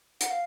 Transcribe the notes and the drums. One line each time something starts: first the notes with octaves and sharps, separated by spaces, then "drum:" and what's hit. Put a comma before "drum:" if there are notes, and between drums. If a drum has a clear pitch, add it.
F#5, drum: hi-hat
F5